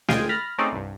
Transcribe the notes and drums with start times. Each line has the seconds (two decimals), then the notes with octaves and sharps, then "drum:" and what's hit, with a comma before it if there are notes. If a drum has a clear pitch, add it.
0.08 D2 G#3 F4 G5 D#6 G#6, drum: snare
0.29 B5 F6 A6 A#6
0.58 A3 C4 C#4 D#4 G#4 D5
0.72 C2 G2